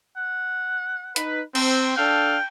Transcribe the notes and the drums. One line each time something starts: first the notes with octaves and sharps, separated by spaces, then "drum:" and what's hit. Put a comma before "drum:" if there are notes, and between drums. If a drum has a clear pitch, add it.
F#5
D#4 B4, drum: hi-hat
C4, drum: cymbal
D4 A4 F5 G5